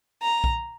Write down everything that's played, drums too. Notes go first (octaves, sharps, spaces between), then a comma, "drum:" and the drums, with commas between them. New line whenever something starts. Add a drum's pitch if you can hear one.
A#5
drum: kick B1